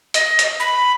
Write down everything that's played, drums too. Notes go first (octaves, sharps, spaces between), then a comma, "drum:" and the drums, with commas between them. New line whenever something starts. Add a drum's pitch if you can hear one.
D#5, drum: hi-hat
drum: hi-hat
B5